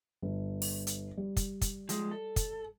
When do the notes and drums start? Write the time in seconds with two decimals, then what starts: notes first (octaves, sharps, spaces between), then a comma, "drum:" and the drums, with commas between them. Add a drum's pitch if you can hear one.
0.22 G1
0.62 drum: open hi-hat
0.87 drum: hi-hat
1.17 G3
1.37 drum: kick, hi-hat
1.61 drum: kick, hi-hat
1.89 F3 G#3, drum: hi-hat
2.11 A4
2.36 drum: kick, hi-hat